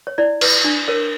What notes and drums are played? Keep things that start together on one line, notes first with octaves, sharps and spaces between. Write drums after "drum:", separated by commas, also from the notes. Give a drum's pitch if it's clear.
C#5
E4 D5
B4, drum: cymbal
D4
A#4 C#5